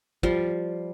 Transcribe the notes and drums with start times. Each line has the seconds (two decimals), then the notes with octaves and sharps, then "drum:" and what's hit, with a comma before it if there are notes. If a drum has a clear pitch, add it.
0.23 F3 G3, drum: kick